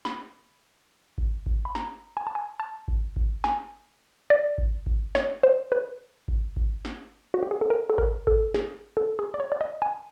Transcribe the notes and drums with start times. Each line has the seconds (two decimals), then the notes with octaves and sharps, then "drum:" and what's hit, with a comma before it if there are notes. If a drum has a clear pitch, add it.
0.05 B5, drum: snare
1.18 drum: kick G#1
1.46 drum: kick G#1
1.65 B5
1.75 A#5, drum: snare
2.17 G#5
2.27 A5
2.35 G#5
2.60 A5
2.88 drum: kick G#1
3.16 drum: kick G#1
3.44 G#5, drum: snare
4.30 D5
4.58 drum: kick G#1
4.86 drum: kick G#1
5.15 C#5, drum: snare
5.43 C5
5.72 B4
6.28 drum: kick G#1
6.56 drum: kick G#1
6.85 drum: snare
7.34 F#4
7.43 G4
7.51 G#4
7.61 A4
7.70 A#4
7.90 A4
7.98 A#4, drum: kick G#1
8.27 A4, drum: kick G#1
8.54 G#4, drum: snare
8.97 A4
9.19 G#4
9.34 D5
9.40 C#5
9.52 D5
9.61 D#5
9.82 G#5